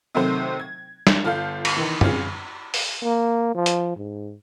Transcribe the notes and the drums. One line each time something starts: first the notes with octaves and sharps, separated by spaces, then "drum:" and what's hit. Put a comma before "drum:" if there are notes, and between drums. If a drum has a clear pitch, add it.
C3 D#3 F#3 A3 C4 C5
G#6
drum: snare
G1 F4 A4 F5 G6
drum: cymbal
D#3 E3
C4 C#4 F4 G#4, drum: tom
drum: open hi-hat
A#3
F3
drum: hi-hat
G#2